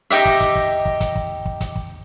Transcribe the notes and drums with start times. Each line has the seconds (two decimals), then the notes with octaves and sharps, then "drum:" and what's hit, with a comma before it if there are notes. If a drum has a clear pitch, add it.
0.10 D#4 G4 D#5 E5
0.25 drum: kick
0.40 drum: kick, hi-hat
0.56 drum: kick
0.86 drum: kick
1.01 drum: kick, hi-hat
1.16 drum: kick
1.46 drum: kick
1.61 drum: kick, hi-hat
1.76 drum: kick